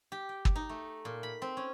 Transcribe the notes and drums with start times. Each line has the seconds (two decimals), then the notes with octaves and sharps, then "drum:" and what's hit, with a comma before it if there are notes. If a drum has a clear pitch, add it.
0.12 G4
0.29 G5
0.45 drum: kick
0.56 D#4
0.69 A3
1.05 A#2
1.23 B5
1.42 C4
1.57 C#4